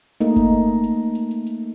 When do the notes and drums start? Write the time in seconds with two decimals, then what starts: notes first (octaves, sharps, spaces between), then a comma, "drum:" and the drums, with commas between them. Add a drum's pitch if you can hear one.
0.21 A3 A#3 D#4, drum: hi-hat
0.36 drum: kick G1, hi-hat
0.84 drum: hi-hat
1.15 drum: hi-hat
1.31 drum: hi-hat
1.46 drum: hi-hat